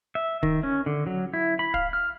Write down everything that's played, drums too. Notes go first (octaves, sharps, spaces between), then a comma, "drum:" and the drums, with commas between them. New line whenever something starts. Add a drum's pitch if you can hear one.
E5
D#3, drum: kick
C#4
D3
F#3
E4
B5
F5, drum: kick
F6